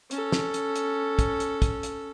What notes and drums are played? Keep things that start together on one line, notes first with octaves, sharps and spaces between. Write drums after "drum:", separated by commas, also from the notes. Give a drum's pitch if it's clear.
C#4 A4, drum: hi-hat
drum: snare
drum: hi-hat
drum: hi-hat
drum: kick, hi-hat
drum: hi-hat
drum: kick, hi-hat
drum: hi-hat